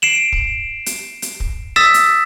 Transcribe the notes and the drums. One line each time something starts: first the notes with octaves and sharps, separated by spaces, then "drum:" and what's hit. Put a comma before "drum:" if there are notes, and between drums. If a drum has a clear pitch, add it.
C7 D7 E7 F#7
drum: kick
drum: hi-hat
drum: hi-hat
drum: kick
D#6 E6 A6 B6 E7
drum: hi-hat